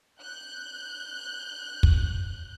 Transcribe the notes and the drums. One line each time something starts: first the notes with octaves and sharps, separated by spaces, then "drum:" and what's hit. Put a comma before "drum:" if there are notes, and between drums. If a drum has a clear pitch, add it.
F#6 G6
drum: kick